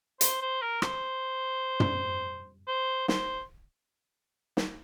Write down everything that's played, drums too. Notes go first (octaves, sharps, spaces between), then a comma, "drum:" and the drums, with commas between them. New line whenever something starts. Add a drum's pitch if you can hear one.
C5, drum: hi-hat
C5
A#4
C5, drum: rim click
drum: tom
C5
C5, drum: snare
drum: snare